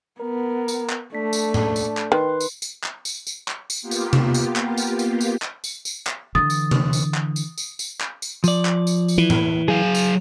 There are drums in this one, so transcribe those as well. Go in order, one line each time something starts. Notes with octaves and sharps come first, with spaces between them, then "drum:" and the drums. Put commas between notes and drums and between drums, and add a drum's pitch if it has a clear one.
B3 A#4
drum: tambourine
drum: clap
A3 D4 B6
drum: tambourine
drum: tom A2
drum: tambourine
drum: clap
D#3 B4 C6
drum: tambourine
drum: tambourine
drum: clap
drum: tambourine
drum: tambourine
drum: clap
drum: tambourine
A#3 B3 F4 G4
drum: tambourine
drum: tom C3
drum: tambourine
drum: clap
drum: tambourine
drum: tambourine
drum: tambourine
drum: clap
drum: tambourine
drum: tambourine
drum: clap
D3 E3 D#6 A6
drum: tambourine
drum: tom C3
drum: tambourine
drum: clap
drum: tambourine
drum: tambourine
drum: tambourine
drum: clap
drum: tambourine
F3 D5, drum: tambourine
drum: clap
drum: tambourine
drum: tambourine
E3
drum: tom A2
F#3 G#4 F5
drum: tambourine